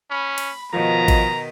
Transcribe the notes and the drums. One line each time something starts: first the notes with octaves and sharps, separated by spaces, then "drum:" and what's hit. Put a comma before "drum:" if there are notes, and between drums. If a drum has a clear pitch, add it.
C#4 B5
drum: cymbal
B2 D#3 F3 A#5
drum: kick A1, cymbal